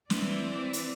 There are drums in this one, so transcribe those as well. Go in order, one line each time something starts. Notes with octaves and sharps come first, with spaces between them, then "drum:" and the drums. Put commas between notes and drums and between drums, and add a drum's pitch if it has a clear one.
E3 C4 D5, drum: snare
drum: hi-hat